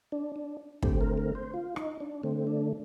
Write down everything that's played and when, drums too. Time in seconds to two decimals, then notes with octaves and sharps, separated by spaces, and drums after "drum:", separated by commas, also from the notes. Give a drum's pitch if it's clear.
0.12 D4
0.36 D4
0.82 D3 A3 C4 G4, drum: kick
1.01 A#4
1.17 A#4
1.35 C5
1.54 F4
1.76 D#4, drum: rim click
2.00 D4
2.23 D3 A3 C4
2.47 D4